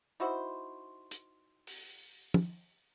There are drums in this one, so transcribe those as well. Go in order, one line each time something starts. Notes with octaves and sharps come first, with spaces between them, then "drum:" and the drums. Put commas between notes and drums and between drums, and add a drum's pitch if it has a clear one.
D#4 E4 F#4 C5
drum: hi-hat
drum: open hi-hat
drum: tom